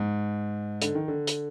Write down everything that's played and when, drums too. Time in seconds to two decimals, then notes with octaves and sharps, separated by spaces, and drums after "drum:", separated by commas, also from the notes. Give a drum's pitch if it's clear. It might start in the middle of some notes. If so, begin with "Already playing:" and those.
Already playing: G#2
0.82 D3, drum: hi-hat
0.95 D#3
1.08 D3
1.27 drum: hi-hat